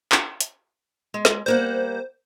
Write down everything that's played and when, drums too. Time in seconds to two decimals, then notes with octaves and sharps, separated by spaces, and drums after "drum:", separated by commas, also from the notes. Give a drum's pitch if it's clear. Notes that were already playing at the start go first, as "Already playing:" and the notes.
0.12 drum: clap
0.41 drum: hi-hat
1.14 G#3
1.25 drum: snare
1.46 G3 A#3 C5 F#5